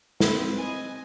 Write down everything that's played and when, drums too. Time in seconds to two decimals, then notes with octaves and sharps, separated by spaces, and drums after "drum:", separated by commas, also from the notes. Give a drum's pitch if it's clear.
0.20 C4 B4, drum: snare
0.58 D#5 G#5